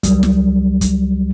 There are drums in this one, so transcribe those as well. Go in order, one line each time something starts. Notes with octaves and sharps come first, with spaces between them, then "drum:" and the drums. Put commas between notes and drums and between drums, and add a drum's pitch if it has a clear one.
C#2 F#3 G3, drum: kick, hi-hat
drum: snare
drum: kick, hi-hat